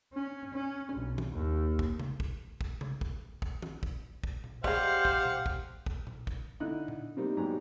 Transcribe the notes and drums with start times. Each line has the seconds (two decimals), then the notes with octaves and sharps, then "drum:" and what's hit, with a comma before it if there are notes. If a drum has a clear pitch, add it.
0.13 C#4
0.53 C#4
0.92 B1
1.18 drum: tom D#3
1.32 D#2
1.79 drum: kick
2.00 drum: tom C3
2.20 drum: kick
2.61 drum: kick
2.81 drum: tom C3
3.01 drum: kick
3.42 drum: kick
3.62 drum: tom D#3
3.83 drum: kick
4.24 drum: kick
4.44 drum: tom A#2
4.64 G3 G#3 G4 C5 F5 F#5, drum: kick
5.05 drum: kick
5.25 drum: tom A#2
5.46 drum: kick
5.86 drum: kick
6.07 drum: tom A#2
6.27 drum: kick
6.60 D3 D#4 E4 D#5 F#6
6.88 drum: tom A#2
7.16 C3 G3 A#3 C4 D#4
7.37 G#2 F#3 G3 B3 G4 A#5